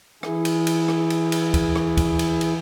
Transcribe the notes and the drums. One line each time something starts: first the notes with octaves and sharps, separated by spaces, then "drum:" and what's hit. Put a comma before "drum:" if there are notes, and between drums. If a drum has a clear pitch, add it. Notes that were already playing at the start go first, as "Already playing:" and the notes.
E3 E4 G#4, drum: rim click
drum: cymbal
drum: cymbal
drum: rim click
drum: cymbal
drum: cymbal
drum: kick, cymbal
drum: rim click
drum: kick, cymbal
drum: cymbal
drum: cymbal